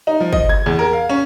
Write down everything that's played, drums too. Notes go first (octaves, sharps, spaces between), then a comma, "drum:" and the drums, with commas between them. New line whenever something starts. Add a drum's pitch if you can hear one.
D#4
F3
D#5, drum: kick G1
G#6
E2
A#4
F5
C#4